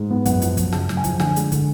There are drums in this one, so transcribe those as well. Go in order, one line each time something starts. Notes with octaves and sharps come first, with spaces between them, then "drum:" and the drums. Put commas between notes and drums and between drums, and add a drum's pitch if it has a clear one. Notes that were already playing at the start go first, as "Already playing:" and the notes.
Already playing: G#2
B3
F#2 F#5, drum: kick, hi-hat
F3, drum: hi-hat
F#2, drum: kick, hi-hat
C#3 A5, drum: snare
F#2, drum: snare
G#5
F3, drum: kick, hi-hat
D3 G#5, drum: snare
G#3, drum: hi-hat
D3, drum: kick, hi-hat